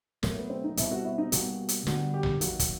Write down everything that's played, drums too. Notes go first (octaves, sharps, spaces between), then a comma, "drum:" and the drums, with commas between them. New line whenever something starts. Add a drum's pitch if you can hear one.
B2 F#3 A3 A#3, drum: snare
B3
C4
D#4
B2 G3 C4 E4, drum: hi-hat
F#4
E4
D#4
B2 G3 A#3 F#4, drum: hi-hat
drum: hi-hat
D3 G3 B3 F#4, drum: snare
G4
drum: tom A#1
D#3 F#3 A#3 F#4, drum: hi-hat
drum: kick, hi-hat